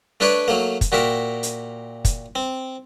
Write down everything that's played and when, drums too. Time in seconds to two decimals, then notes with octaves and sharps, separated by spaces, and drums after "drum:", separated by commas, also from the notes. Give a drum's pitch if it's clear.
0.20 A3 D4 A4 B4 C#5 D5
0.48 F#3 A3 A#3
0.81 drum: kick, hi-hat
0.92 A#2 F#4 G4 A#4 E5
1.43 drum: hi-hat
2.05 drum: kick, hi-hat
2.35 C4